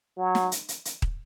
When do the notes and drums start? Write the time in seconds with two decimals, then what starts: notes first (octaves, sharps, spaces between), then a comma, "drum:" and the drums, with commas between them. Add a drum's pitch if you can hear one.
0.18 F#3
0.35 drum: snare
0.52 drum: hi-hat
0.68 drum: hi-hat
0.85 drum: hi-hat
1.02 drum: kick